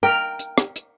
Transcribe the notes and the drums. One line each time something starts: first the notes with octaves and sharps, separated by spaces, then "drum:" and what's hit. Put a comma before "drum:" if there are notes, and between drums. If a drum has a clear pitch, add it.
A#4 G5
drum: hi-hat
drum: rim click
drum: hi-hat